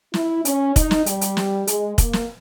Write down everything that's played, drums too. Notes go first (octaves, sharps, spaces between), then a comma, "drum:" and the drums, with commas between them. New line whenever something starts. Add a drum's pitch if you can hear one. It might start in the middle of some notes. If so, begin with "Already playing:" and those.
E4, drum: snare
C#4, drum: hi-hat
D#4, drum: kick, hi-hat
drum: snare
G3, drum: hi-hat
drum: hi-hat
drum: snare
G#3, drum: hi-hat
A#3, drum: kick, hi-hat
drum: snare